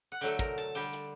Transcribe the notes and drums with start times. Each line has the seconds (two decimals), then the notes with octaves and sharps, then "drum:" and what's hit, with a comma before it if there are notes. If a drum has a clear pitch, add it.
0.12 F#5
0.21 D3 F#3 A3 G5, drum: open hi-hat
0.39 A#4, drum: kick, hi-hat
0.58 A5, drum: hi-hat
0.75 D3 G3 G5, drum: hi-hat
0.93 drum: hi-hat